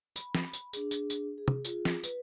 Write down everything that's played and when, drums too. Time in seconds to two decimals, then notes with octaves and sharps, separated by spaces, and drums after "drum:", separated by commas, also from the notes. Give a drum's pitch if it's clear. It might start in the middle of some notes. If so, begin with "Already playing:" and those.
0.16 B5, drum: tambourine
0.35 drum: snare
0.53 drum: tambourine
0.73 D4 G#4, drum: tambourine
0.91 drum: tambourine
1.10 drum: tambourine
1.38 G#4
1.48 drum: tom
1.65 F4 G#4, drum: tambourine
1.85 drum: snare
2.03 B4, drum: tambourine